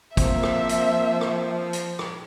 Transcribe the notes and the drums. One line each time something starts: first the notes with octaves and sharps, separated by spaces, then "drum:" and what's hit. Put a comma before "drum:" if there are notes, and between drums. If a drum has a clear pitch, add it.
F3 A#3 C4 E5, drum: kick, hi-hat
drum: rim click
drum: hi-hat
drum: rim click
drum: hi-hat
drum: rim click